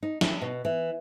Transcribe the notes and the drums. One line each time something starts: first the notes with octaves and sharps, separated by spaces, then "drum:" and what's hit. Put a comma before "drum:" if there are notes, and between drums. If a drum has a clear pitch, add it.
D#4
E4, drum: snare
B2
E3